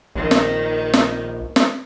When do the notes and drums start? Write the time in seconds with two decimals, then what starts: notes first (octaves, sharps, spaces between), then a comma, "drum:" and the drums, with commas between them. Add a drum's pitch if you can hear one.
0.15 A#1 D#3
0.31 drum: snare
0.94 drum: snare
1.56 drum: snare